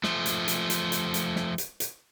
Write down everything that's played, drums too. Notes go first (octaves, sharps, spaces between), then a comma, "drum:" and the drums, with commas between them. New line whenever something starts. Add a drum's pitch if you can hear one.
F3 A3, drum: snare
drum: hi-hat
drum: hi-hat
drum: hi-hat
drum: hi-hat
drum: hi-hat
drum: snare
drum: hi-hat
drum: hi-hat